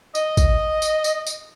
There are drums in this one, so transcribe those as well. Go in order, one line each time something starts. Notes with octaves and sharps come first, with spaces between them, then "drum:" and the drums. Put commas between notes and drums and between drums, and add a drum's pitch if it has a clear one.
D#5, drum: tambourine
drum: kick, tambourine
drum: tambourine
drum: tambourine
drum: tambourine